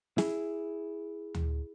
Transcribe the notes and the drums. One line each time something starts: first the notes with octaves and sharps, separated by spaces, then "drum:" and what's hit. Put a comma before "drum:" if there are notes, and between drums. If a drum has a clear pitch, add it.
E4 G#4, drum: snare
drum: tom D2